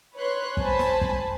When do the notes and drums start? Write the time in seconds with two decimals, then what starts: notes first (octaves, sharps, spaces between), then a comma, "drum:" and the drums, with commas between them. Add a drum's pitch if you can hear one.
0.16 B4 C#5 C6 F#6
0.57 C5 G#5 A5 B5, drum: kick
0.79 drum: snare
1.01 drum: kick